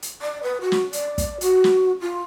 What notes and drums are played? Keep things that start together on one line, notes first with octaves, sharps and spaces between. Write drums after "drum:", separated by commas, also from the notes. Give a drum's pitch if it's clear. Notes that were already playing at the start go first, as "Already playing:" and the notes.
drum: hi-hat
D5
B4
F#4
drum: snare
D5, drum: hi-hat
drum: kick, hi-hat
F#4, drum: hi-hat
drum: snare
F4